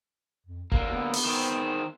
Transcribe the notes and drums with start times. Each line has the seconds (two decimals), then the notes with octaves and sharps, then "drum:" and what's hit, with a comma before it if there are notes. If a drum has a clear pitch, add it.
0.46 F2
0.72 D#2 D3 A#3, drum: kick F#1
0.92 B3
1.14 drum: open hi-hat
1.25 D#3 C4